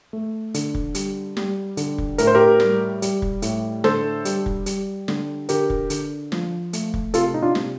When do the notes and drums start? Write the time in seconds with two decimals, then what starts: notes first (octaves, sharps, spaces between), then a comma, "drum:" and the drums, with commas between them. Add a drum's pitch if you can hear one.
0.13 A3
0.54 D3, drum: hi-hat
0.75 drum: kick
0.95 G3, drum: hi-hat
1.37 G3, drum: snare
1.77 D3, drum: hi-hat
1.98 drum: kick
2.18 A2 A#4, drum: hi-hat
2.27 C5
2.35 G4 A#4
2.60 G3, drum: snare
3.02 G3, drum: hi-hat
3.22 drum: kick
3.42 A2, drum: hi-hat
3.84 D3 A4 C5, drum: snare
4.25 G3, drum: hi-hat
4.46 drum: kick
4.66 G3, drum: hi-hat
5.08 D3, drum: snare
5.49 D3 G4 A#4, drum: hi-hat
5.70 drum: kick
5.90 D3, drum: hi-hat
6.32 F3, drum: snare
6.73 A3, drum: hi-hat
6.94 drum: kick
7.14 C3 F4 A4, drum: hi-hat
7.34 D#4
7.42 D4 F4
7.55 C3, drum: snare